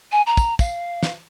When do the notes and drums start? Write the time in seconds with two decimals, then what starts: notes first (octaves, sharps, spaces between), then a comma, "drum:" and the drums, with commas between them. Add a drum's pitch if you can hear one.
0.11 G#5
0.26 A#5
0.37 drum: kick, tambourine
0.59 F5, drum: kick, tambourine
1.03 drum: snare